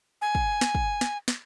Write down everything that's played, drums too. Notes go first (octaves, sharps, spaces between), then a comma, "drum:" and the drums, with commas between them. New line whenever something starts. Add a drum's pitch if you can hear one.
G#5
drum: kick
drum: snare
drum: kick
drum: snare
drum: snare